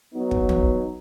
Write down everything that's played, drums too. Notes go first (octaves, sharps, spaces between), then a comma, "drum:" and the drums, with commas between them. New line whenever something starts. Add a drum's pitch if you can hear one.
F#3 B3 D#4
drum: kick
drum: tom